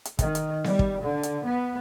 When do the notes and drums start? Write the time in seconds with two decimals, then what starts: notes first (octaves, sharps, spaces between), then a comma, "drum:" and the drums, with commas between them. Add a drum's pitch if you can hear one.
0.05 drum: hi-hat
0.19 D#3, drum: kick, hi-hat
0.35 drum: hi-hat
0.64 G3, drum: snare B3
0.79 drum: kick
1.01 D3
1.23 drum: hi-hat
1.45 B3